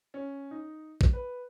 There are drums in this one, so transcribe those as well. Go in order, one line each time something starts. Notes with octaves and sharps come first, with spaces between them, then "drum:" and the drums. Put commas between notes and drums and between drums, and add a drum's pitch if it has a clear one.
C#4
D#4
drum: kick
B4